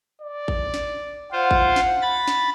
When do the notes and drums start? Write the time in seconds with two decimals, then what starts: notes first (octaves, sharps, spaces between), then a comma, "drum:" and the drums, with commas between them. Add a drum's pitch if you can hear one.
0.22 D5
0.48 drum: kick G#1
0.74 drum: snare
1.32 F4 C5 F#5
1.51 drum: kick G#1
1.76 drum: snare
2.02 B5 A6
2.28 drum: snare